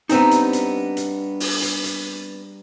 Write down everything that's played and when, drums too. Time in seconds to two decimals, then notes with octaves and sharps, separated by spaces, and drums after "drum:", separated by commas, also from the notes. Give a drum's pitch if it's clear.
0.09 G2 B3 C4 D#4 A#5, drum: hi-hat
0.31 drum: hi-hat
0.53 drum: hi-hat
0.97 drum: hi-hat
1.40 drum: open hi-hat
1.62 drum: hi-hat
1.84 drum: hi-hat